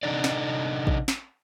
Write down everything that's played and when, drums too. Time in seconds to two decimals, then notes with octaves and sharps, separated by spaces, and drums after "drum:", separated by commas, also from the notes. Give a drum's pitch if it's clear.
0.03 C3 D4 D#4 A4 D5
0.24 drum: snare
0.87 drum: kick
1.08 drum: snare